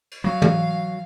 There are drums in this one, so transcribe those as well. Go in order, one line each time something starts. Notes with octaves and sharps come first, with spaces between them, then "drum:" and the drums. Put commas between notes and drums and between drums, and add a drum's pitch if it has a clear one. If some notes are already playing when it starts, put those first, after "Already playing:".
drum: cymbal
F#3 F5
drum: tom